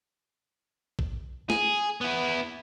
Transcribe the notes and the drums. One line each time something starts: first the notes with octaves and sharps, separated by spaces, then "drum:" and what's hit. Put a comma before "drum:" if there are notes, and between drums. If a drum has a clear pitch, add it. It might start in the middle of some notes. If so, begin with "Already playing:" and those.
drum: kick A1
G#4, drum: snare
B3 E4